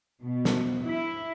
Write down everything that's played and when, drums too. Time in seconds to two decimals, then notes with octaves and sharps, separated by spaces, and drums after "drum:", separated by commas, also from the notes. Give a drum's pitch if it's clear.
0.22 B2
0.45 drum: snare
0.83 E4